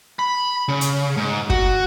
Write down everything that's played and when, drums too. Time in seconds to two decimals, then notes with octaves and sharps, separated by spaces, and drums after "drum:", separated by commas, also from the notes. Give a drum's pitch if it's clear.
0.19 B5
0.68 C#3
0.81 drum: hi-hat
1.17 G#2
1.50 F#4, drum: kick